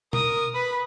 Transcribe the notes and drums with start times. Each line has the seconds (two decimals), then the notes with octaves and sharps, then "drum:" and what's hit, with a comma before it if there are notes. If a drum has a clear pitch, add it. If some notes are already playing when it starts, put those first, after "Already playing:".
0.13 A#4 D#6, drum: tom B2
0.55 B4 B5